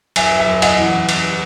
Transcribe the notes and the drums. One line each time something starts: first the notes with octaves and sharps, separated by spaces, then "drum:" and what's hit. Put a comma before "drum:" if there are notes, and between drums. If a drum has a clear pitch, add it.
F#2 E5 G#5, drum: cymbal
E5 G#5
F#2
D#5 F#5, drum: cymbal
E3
drum: cymbal